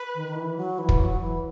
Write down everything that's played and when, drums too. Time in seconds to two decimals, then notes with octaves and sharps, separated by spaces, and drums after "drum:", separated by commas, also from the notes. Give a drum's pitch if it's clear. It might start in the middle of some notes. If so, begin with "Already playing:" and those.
Already playing: B4
0.15 D#3
0.27 D#3
0.36 E3
0.57 F#3
0.78 E3
0.89 drum: kick
1.00 F#3
1.21 E3